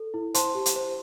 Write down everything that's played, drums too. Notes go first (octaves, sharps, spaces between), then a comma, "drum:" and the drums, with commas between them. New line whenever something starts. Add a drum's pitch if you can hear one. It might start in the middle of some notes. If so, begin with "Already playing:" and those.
Already playing: A4
E4
C5 A5 C6, drum: hi-hat
G4
drum: hi-hat
C5